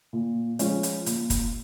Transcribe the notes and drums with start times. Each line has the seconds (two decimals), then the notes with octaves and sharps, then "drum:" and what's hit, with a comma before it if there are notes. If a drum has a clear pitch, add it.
0.13 A#2
0.59 F3 G#3 C#4, drum: hi-hat
0.83 drum: hi-hat
1.06 A#2, drum: hi-hat
1.30 drum: kick, hi-hat